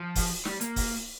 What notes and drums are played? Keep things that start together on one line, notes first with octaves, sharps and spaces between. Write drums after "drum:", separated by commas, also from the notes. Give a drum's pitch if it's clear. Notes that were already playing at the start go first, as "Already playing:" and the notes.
Already playing: F3
drum: kick, open hi-hat
G3, drum: snare
A#3, drum: hi-hat
drum: kick, open hi-hat